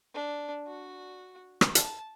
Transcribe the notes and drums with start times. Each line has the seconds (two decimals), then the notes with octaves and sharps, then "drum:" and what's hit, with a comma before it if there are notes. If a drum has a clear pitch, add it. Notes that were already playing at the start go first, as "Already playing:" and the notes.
0.15 D4
0.67 F#4
1.61 drum: rim click
1.75 A5, drum: hi-hat